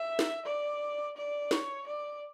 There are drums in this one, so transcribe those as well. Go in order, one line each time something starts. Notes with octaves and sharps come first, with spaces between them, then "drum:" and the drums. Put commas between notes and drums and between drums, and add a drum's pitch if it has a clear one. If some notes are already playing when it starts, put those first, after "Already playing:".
Already playing: E5
drum: snare
D5
D5
C#5, drum: snare
D5